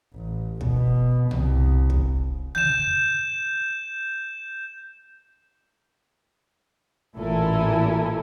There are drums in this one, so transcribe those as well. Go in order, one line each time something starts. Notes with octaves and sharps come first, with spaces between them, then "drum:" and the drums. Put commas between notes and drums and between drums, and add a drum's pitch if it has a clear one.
A1
B2, drum: kick
C2, drum: tom
drum: kick
G6 E7, drum: tom
A1 A#2 E4 A4 A#4 G#5